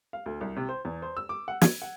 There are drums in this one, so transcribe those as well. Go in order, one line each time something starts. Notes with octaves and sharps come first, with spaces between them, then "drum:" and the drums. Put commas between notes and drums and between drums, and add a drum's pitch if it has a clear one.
F5
D2
C2
C3
C5
E2
C5
E6
D6
F#5
G#6, drum: snare
F#5